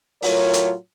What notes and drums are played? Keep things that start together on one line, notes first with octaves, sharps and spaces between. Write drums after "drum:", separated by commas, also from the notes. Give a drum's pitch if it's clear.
A2 F#3 F4 A#4 C#5, drum: open hi-hat
drum: hi-hat